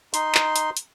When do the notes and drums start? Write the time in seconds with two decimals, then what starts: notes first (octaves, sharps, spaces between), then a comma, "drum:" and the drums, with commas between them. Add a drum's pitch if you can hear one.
0.14 D#4 C6, drum: hi-hat
0.35 drum: clap
0.56 drum: hi-hat
0.77 drum: hi-hat